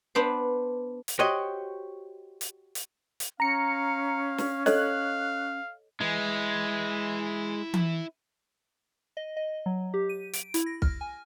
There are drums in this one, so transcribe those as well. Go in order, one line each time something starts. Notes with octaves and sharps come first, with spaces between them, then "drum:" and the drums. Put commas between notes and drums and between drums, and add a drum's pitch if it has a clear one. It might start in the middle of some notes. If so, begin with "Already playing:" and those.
B3 D4 C5
drum: hi-hat
F#4 G4 C5 C#5 D#5
drum: hi-hat
drum: hi-hat
drum: hi-hat
C#4 F5 A#5 C#7
drum: snare
A4 C#5 D#5 F5 F#6, drum: snare
G#3 E4 B4
drum: tom E3
D#5
D#5
F#3
G4
D#7
D7, drum: hi-hat
E4, drum: hi-hat
A#6
F6, drum: kick
G#5